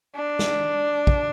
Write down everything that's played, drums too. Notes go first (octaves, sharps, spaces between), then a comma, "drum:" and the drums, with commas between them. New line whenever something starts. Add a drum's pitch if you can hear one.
D4
drum: snare
drum: kick